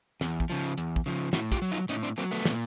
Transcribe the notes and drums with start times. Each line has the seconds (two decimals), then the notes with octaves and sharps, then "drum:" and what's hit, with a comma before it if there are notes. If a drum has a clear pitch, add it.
0.21 E2, drum: snare
0.40 drum: kick
0.50 C#3 F3
0.78 E2, drum: hi-hat
0.96 drum: kick
1.06 C#3 F3
1.33 A2 E4 F#4, drum: snare
1.52 F4 G4, drum: kick, hi-hat
1.62 F#3
1.71 D#4 F4
1.89 A2 C#4 D#4, drum: hi-hat
2.03 C4 D4
2.18 F#3 A#3 C4
2.31 A3 B3
2.45 A#2, drum: snare